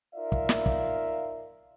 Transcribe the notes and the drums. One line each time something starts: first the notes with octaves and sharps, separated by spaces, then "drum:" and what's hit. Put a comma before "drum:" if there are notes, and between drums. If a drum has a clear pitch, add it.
D#4 F4 A#4 D5 E5 F5
drum: kick
drum: snare
drum: kick